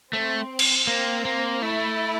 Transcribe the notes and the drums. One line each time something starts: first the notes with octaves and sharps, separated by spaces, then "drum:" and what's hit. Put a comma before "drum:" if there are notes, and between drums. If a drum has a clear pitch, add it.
A3 C4
drum: cymbal
A#3 C4
A#3
A3 E4